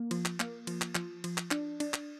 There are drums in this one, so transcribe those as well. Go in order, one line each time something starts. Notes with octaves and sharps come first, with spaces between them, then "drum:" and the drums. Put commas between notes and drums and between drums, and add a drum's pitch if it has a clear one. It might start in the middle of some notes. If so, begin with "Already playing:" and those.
Already playing: A#3
F3, drum: cymbal
drum: clap
A#3, drum: clap
F3, drum: cymbal
drum: clap
F3, drum: clap
F3, drum: cymbal
drum: clap
D4, drum: clap
D4, drum: cymbal
drum: clap